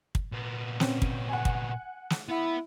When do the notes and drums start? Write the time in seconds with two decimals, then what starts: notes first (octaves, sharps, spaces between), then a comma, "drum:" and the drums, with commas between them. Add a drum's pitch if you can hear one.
0.15 drum: kick
0.32 A#2 B3
0.80 C4 C#4, drum: snare
1.02 drum: kick
1.29 F#5 G#5
1.45 drum: kick
2.10 drum: snare
2.29 B3 E4 F#5